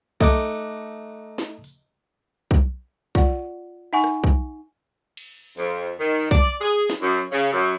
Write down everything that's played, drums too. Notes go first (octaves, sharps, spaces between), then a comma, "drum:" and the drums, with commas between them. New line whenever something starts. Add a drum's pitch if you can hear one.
A3 D#4 F#5 D6, drum: kick B1
drum: snare
drum: open hi-hat
drum: kick B1
F4 D5 F#5, drum: kick B1
D#4 E5 F#5 G#5 C#6
drum: rim click
drum: kick B1
drum: cymbal
F2, drum: open hi-hat
D#3
D5, drum: kick B1
G#4
drum: snare
F#2
C#3
F#2